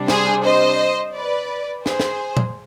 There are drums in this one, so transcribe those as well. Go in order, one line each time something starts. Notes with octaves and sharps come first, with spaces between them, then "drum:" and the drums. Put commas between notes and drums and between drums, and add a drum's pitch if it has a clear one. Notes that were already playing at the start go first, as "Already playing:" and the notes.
Already playing: C3 G3 D4
G#4 C5, drum: snare
C5 D#5
B4 D5
G#4 C5, drum: snare
drum: snare
drum: tom A#2